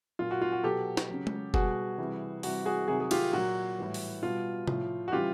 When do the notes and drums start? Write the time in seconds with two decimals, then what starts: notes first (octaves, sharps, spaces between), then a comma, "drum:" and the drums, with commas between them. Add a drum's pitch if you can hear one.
0.19 A#2 F#3 F4
0.31 F#4
0.42 F4
0.52 F#4
0.64 B2 F#3 G4 A4
0.97 drum: snare
1.09 C#3 F#3
1.27 drum: tom G#3
1.54 B2 G3 F#4 G#4, drum: kick
1.98 C3 E3 G3
2.43 C3 E3 G3 F#4, drum: open hi-hat
2.66 F#4 G#4
2.88 C3 D#3 F#3 F#4 G#4
3.00 G#4
3.11 F4 G4, drum: cymbal
3.33 A#2 F#3 F#4
3.78 A2 E3 G3
3.94 drum: open hi-hat
4.23 B2 G3 F4
4.67 A2 F3, drum: tom C3
5.08 F#4
5.12 C#3 E3 G3 F4 G4